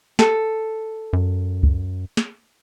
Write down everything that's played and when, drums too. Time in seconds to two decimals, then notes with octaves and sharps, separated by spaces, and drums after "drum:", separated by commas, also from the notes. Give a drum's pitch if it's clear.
0.19 A4, drum: snare
1.13 F#2
1.63 drum: kick C#2
2.17 drum: snare